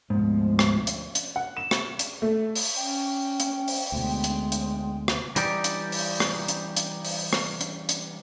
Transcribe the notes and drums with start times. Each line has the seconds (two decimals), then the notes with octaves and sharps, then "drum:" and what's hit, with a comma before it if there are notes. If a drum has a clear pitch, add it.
0.10 D2 G#2 B2 F3
0.59 drum: rim click
0.87 drum: hi-hat
1.15 drum: hi-hat
1.36 F#5
1.57 E7
1.71 drum: rim click
1.99 drum: hi-hat
2.22 A3
2.56 drum: open hi-hat
2.77 C#4 G5
3.40 drum: hi-hat
3.68 drum: open hi-hat
3.92 D2 B2 G#3
4.24 drum: hi-hat
4.52 drum: hi-hat
5.08 drum: rim click
5.36 E3 G3 D#4 G4 D5, drum: hi-hat
5.64 drum: hi-hat
5.92 drum: open hi-hat
6.20 drum: rim click
6.48 drum: hi-hat
6.77 drum: hi-hat
7.05 drum: open hi-hat
7.33 drum: rim click
7.61 drum: hi-hat
7.89 drum: hi-hat